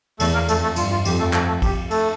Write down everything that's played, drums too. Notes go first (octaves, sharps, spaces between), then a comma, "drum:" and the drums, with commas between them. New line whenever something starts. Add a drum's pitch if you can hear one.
E2 A3 A4, drum: cymbal
A#3 A#4
F2 A3 A4, drum: cymbal
A3 A4
G2 F4, drum: cymbal
F4
F2 G4, drum: cymbal
A3 A4
A3 A4, drum: clap
A3 A4
G4, drum: kick, cymbal
A3 A4, drum: cymbal